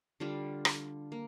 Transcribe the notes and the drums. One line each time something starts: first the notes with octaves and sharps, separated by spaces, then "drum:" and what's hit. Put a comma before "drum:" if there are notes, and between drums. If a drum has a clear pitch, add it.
D3 G3 D4 F4
drum: rim click
A#3